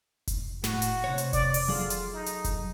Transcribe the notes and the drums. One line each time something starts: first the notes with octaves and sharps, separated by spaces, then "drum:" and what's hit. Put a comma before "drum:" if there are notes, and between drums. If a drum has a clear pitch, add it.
drum: kick F1, hi-hat
A2 F#4, drum: snare
drum: hi-hat
C3 C5 C#5
drum: hi-hat
D5, drum: kick F1, hi-hat
drum: open hi-hat
F#3 F4 G#4 A4
drum: hi-hat
D#4
drum: hi-hat
drum: kick F1, hi-hat